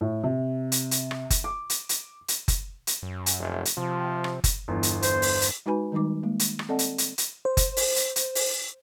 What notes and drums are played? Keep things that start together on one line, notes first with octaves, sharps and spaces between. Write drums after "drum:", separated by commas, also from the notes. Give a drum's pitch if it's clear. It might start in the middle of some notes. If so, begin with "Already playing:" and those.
A2
C3
drum: hi-hat
drum: hi-hat
drum: rim click
drum: kick F#1, hi-hat
D6
drum: hi-hat
drum: hi-hat
drum: hi-hat
drum: kick F#1, hi-hat
drum: hi-hat
F#2
drum: hi-hat
F1
drum: hi-hat
C3 F3
drum: rim click
drum: kick F#1, hi-hat
G1 E2
drum: hi-hat
C5, drum: hi-hat
drum: open hi-hat
drum: hi-hat
G#3 D#4 F#4 B4 G#5 B5
D#3 G3 G#3 D#4 D6
G#3 A#3
drum: hi-hat
drum: rim click
C4 A4 D5 D#5 F#5 A5
drum: hi-hat
drum: hi-hat
drum: hi-hat
C5
drum: kick F#1, hi-hat
drum: open hi-hat
drum: hi-hat
drum: hi-hat
drum: open hi-hat